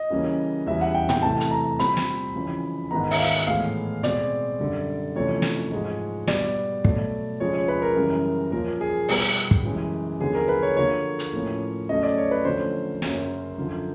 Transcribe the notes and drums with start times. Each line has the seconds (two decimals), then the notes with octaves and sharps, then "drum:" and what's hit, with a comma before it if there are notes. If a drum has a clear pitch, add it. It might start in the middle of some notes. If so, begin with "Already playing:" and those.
Already playing: D#5
0.10 C#3 E3 G3 A#3 C#4
0.66 E2 C#3 E3 G3 E5
0.81 F#5
0.95 G5
1.09 G5, drum: tom A2
1.22 C3 E3 A3 A5
1.40 drum: hi-hat
1.51 A#5
1.79 A#2 G3 C4 B5, drum: hi-hat
1.97 drum: snare
2.36 F2 C#3 E3
2.91 G#2 D#3 G#3 B3 A#5
3.11 E5, drum: open hi-hat
3.19 F5
3.47 A2 E3 G#3 B3 F5
4.03 B2 G#3 C4 D5, drum: hi-hat
4.60 F#2 D3 G3
5.15 F2 C3 E3 A3 C#4 C#5
5.42 drum: snare
5.72 G#2 F3 G#3
6.27 B2 G3 B3 D5, drum: snare
6.85 B2 F#3 A3, drum: kick
7.40 F2 C#3 F3 G#3 C#5
7.54 C#5
7.68 B4
7.82 A#4
7.97 F#2 C#3 E3 G3
8.52 A#2 F3 A#3 C#4 A#4
8.81 G#4
9.09 B2 G3 B3 G4, drum: open hi-hat
9.51 drum: kick
9.65 F#2 C#3 E3 G#3 C#4
10.20 F2 D3 F#3 B3 G#4
10.35 A#4
10.48 B4
10.63 C#5
10.77 D3 F3 A#3 C#5
11.19 drum: hi-hat
11.33 A2 F3 A#3 C#4
11.89 C#3 F#3 A3 C#4 D#5
12.03 D5
12.18 C#5
12.31 B4
12.45 F2 D3 F#3 A3 C#4 C5
13.02 F#2 C#3 F#3 A#3 C#4, drum: snare
13.58 F#2 D3 F3